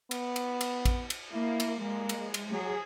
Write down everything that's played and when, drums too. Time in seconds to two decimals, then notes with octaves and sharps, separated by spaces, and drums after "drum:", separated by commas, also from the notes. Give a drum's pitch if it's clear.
0.11 B3, drum: cymbal
0.36 drum: cymbal
0.61 drum: cymbal
0.85 drum: kick A1, cymbal
1.10 drum: cymbal
1.32 A#3 E4
1.60 drum: cymbal
1.81 G#3 A#3
2.09 drum: cymbal
2.34 drum: cymbal
2.53 F#3 G#4